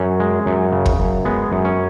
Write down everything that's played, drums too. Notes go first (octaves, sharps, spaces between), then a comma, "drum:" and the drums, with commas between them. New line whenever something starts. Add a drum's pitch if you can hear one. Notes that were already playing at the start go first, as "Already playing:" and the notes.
Already playing: F#2 C#4
G#3
F#2
C#3
drum: kick
F#2
G#3 B3
F#2
C#4